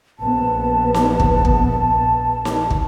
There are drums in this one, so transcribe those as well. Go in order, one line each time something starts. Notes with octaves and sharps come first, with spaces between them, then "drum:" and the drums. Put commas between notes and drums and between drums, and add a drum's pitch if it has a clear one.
A#1 B3 A5
drum: snare
drum: kick
drum: kick
drum: snare
drum: kick